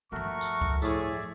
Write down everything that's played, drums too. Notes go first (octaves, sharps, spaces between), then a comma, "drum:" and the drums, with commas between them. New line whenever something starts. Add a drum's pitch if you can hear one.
G2 F3 A3 F#4 A#4 C#6
drum: tambourine
drum: kick C#2
A2 G#4 D5 E5, drum: tambourine